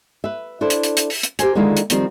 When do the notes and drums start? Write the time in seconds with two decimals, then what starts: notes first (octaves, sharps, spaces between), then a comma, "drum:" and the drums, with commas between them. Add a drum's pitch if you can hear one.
0.24 B4 E5
0.61 D4 E4 A4 C5
0.70 drum: hi-hat
0.83 drum: hi-hat
0.97 drum: hi-hat
1.10 drum: open hi-hat
1.23 drum: hi-hat
1.39 G4 A#4 C5 G#5, drum: hi-hat
1.55 D3 D#3 G#3 A#3 E4 F4
1.77 drum: hi-hat
1.90 D#3 F3 G3 C4 A#4, drum: hi-hat